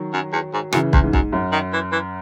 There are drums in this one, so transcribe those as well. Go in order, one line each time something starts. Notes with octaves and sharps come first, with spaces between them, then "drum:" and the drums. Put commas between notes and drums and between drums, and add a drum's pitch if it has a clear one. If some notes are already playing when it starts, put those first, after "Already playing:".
Already playing: D#3 F#3
F#2
E2
G#2
F#2 C#3 E3, drum: rim click
E2, drum: kick
G#2
F#2, drum: kick
F#2
D#3
E3
E3